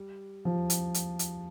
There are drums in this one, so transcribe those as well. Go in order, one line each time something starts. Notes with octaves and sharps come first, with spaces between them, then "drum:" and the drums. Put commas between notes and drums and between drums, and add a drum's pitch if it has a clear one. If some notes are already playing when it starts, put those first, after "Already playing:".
Already playing: G3
F3
drum: hi-hat
drum: hi-hat
drum: hi-hat